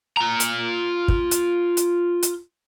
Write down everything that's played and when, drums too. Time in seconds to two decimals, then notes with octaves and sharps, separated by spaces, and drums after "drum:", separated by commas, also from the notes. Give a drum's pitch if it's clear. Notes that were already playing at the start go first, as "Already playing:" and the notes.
0.17 F4 A#5
0.40 drum: hi-hat
1.08 drum: kick
1.31 drum: hi-hat
1.77 drum: hi-hat
2.23 drum: hi-hat